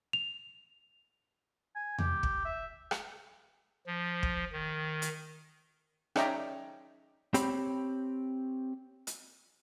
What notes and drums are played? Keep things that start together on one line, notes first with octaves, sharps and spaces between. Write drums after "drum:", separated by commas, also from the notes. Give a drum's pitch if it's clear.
F7
G#5
G4, drum: tom E2
drum: kick
E5
drum: rim click
F3
drum: kick
D#3
drum: hi-hat
C#4 D#4 D5 E5 G5 A#5, drum: rim click
C4 G4 C#5 B5, drum: hi-hat
drum: hi-hat